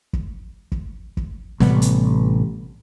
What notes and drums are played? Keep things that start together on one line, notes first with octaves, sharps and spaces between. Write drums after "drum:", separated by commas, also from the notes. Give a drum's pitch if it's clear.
drum: kick
drum: kick
drum: kick
A1 C3 G3 B3, drum: snare
drum: hi-hat